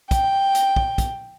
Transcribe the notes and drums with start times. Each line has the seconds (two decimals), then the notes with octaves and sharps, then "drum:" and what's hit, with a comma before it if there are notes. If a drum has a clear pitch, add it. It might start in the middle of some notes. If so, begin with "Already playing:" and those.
0.11 G5, drum: kick, hi-hat
0.55 drum: hi-hat
0.76 drum: kick
0.98 drum: kick, hi-hat